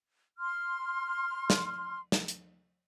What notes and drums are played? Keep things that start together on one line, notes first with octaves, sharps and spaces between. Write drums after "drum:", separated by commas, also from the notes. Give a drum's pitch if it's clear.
C6 F6
drum: snare
drum: snare
drum: hi-hat